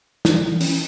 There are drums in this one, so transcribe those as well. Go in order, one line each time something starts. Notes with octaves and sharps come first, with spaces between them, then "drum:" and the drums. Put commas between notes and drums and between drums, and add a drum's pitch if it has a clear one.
E3, drum: snare
E3
C#4, drum: open hi-hat